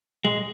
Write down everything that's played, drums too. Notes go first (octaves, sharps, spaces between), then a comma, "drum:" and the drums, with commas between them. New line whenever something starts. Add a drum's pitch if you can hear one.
G#3, drum: tom A#2